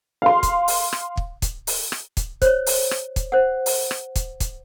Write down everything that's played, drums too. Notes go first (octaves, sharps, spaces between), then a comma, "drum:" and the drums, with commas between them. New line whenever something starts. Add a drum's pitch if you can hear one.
F5 C6
drum: kick, hi-hat
drum: open hi-hat
drum: rim click
drum: kick
drum: kick, hi-hat
drum: open hi-hat
drum: rim click
drum: kick, hi-hat
C5 C#5, drum: kick, hi-hat
drum: open hi-hat
drum: rim click
drum: kick, hi-hat
C5 F#5
drum: open hi-hat
drum: rim click
drum: kick, hi-hat
drum: kick, hi-hat